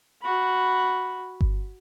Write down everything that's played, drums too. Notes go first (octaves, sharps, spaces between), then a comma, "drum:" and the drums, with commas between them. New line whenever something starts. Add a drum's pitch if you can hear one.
F#4 B5
drum: kick G1